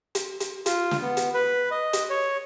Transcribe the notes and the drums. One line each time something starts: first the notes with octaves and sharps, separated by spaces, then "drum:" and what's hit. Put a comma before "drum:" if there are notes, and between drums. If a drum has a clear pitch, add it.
drum: hi-hat
drum: hi-hat
F4, drum: hi-hat
drum: snare
B3
drum: hi-hat
B4
D#5
drum: hi-hat
C#5